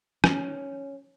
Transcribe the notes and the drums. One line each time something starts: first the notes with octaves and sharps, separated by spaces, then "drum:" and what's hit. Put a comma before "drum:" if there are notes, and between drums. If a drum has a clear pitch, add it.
C#4, drum: rim click